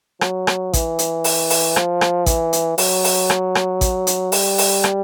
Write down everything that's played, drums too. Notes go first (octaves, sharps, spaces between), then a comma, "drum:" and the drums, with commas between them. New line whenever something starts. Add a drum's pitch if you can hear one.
F#3, drum: rim click
drum: rim click
E3, drum: kick A1, hi-hat
drum: hi-hat
drum: open hi-hat
drum: open hi-hat
F3, drum: rim click
drum: rim click
E3, drum: kick A1, hi-hat
drum: hi-hat
F#3, drum: open hi-hat
drum: open hi-hat
drum: rim click
drum: rim click
drum: kick A1, hi-hat
drum: hi-hat
G3, drum: open hi-hat
drum: open hi-hat
drum: rim click